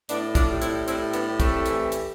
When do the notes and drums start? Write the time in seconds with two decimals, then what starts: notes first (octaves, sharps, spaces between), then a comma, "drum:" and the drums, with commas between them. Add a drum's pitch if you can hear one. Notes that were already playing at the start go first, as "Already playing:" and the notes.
0.09 A2 B3 D4, drum: hi-hat
0.35 D4 F4, drum: kick, hi-hat
0.49 G3
0.62 C4 E4, drum: hi-hat
0.88 A2 C4 E4, drum: hi-hat
1.14 B3 D4, drum: hi-hat
1.27 G3
1.40 A3 C4, drum: kick, hi-hat
1.66 E3, drum: hi-hat
1.92 drum: hi-hat